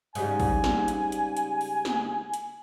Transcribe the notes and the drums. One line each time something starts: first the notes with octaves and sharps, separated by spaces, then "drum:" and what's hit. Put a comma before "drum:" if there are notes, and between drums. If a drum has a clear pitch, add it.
G#2 C#3 G3 G#5, drum: open hi-hat
drum: kick, open hi-hat
drum: snare
drum: hi-hat
drum: hi-hat
drum: hi-hat
drum: open hi-hat
drum: snare
drum: hi-hat